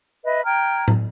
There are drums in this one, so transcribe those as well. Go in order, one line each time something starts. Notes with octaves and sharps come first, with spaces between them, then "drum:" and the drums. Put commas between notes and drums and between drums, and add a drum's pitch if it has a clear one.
B4 D#5 E5
G5 A#5 F6 G#6
drum: tom A2